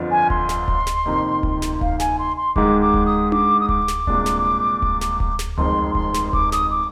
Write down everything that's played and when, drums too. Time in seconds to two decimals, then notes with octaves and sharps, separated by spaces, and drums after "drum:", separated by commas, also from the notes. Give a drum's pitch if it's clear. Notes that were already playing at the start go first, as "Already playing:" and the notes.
Already playing: G1 F2 D3 F3
0.11 G#5
0.30 C6, drum: kick D1
0.49 drum: snare
0.68 drum: kick D1
0.87 drum: snare
1.05 F2 C3 D#3 A#3 D#4
1.43 drum: kick D1
1.62 drum: snare
1.81 F5, drum: kick D1
2.00 G#5, drum: snare
2.19 C6
2.37 C6
2.56 G#2 D#3 G#3 D6, drum: kick D1
2.81 D6
2.94 drum: kick D1
3.06 D#6
3.32 D6, drum: tom D4
3.60 D#6
3.69 D6, drum: kick D1
3.88 drum: snare
4.07 C2 A#2 G#3 D4, drum: kick D1
4.26 drum: snare
4.82 drum: kick D1
5.01 drum: snare
5.20 drum: kick D1
5.39 drum: snare
5.58 F1 F2 D#3 G#3 C6, drum: tom C#2
5.95 C6, drum: kick D1
6.14 drum: snare
6.33 D6, drum: kick D1
6.52 D#6, drum: snare
6.71 D6